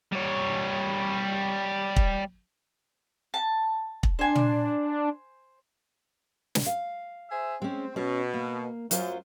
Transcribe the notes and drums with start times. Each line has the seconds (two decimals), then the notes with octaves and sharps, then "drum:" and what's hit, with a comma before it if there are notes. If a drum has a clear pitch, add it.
0.12 G3 C#5
1.96 drum: kick
3.34 A5
4.03 drum: kick
4.19 D4 C5 G#5
4.35 drum: tom
6.55 drum: snare
6.66 F5
7.29 G#4 C5 E5
7.62 G#3 C4 C#4
7.96 B2 C#4 C#5
8.34 A#3
8.91 F#2 F#3 F4 C5, drum: hi-hat